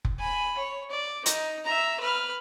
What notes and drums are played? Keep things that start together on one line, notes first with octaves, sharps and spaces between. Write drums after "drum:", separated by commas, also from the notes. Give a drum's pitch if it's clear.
drum: kick F1
G#5 B5
C#5
D5
D#4, drum: hi-hat
E5 A#5
B4 F6